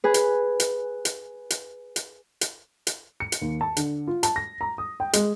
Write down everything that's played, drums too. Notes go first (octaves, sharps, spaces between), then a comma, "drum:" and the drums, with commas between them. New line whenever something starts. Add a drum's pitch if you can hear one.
G#4 B4
drum: hi-hat
drum: hi-hat
drum: hi-hat
drum: hi-hat
drum: hi-hat
drum: hi-hat
drum: hi-hat
C#7
drum: hi-hat
D#2
A5
D3, drum: hi-hat
F4
A5, drum: hi-hat
A#6
A#5
D#6
G5
G#3, drum: hi-hat